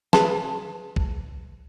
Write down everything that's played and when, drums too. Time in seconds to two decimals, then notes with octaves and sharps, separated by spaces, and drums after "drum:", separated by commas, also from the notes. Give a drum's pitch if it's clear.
0.13 G#4 B4 A5, drum: snare
0.96 drum: kick C2